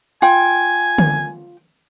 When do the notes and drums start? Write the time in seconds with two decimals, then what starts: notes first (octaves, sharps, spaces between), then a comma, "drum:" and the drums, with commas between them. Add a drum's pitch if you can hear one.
0.22 F4 G5 G#5
0.98 drum: tom D3